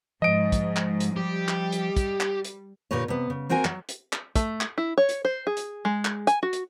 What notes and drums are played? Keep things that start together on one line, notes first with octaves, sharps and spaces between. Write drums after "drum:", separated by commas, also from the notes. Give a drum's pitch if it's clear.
G#2 F3 D#5 D7
drum: kick, hi-hat
drum: clap
drum: hi-hat
G3 G4
drum: clap
drum: hi-hat
drum: kick, hi-hat
drum: clap
drum: hi-hat
A#2 D3 G4 A#4 B4 C#5
C3 B3
C#3
A#3 C4 F#4 A#4 G#5
F#3, drum: clap
drum: hi-hat
drum: clap
A3, drum: kick, hi-hat
drum: clap
E4
C#5
drum: hi-hat
C5
G#4
drum: hi-hat
G#3
drum: clap
G#5, drum: hi-hat
F#4
drum: hi-hat